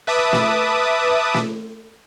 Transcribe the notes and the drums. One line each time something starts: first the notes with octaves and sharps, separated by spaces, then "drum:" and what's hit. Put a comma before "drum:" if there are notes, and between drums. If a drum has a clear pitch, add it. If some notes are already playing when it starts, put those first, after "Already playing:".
B4 E5 A5 D6 D#6
drum: snare
drum: snare